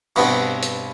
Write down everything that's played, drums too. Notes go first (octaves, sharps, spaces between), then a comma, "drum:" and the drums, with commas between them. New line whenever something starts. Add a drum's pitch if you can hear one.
G2 B2 B3 C4, drum: cymbal
drum: hi-hat